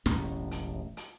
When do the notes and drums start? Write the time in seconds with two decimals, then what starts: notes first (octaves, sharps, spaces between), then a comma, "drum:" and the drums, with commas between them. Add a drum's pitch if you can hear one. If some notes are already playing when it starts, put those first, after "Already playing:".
0.06 E1 A1 E2 C#4, drum: snare
0.51 drum: hi-hat
0.97 drum: hi-hat